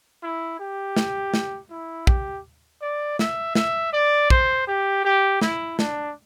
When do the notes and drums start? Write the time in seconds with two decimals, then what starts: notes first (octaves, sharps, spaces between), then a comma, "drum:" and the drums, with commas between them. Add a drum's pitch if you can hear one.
0.22 E4
0.59 G4
0.96 drum: snare
1.34 drum: snare
1.70 E4
2.07 G4, drum: kick
2.82 D5
3.19 E5, drum: snare
3.55 E5, drum: snare
3.93 D5
4.30 C5, drum: kick
4.67 G4
5.04 G4
5.41 E4, drum: snare
5.79 D4, drum: snare